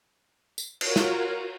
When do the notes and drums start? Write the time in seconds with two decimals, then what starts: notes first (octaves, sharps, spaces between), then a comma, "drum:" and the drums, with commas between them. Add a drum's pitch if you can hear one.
0.58 drum: tambourine
0.81 F4 F#4 A#4 C#5, drum: cymbal
0.96 drum: snare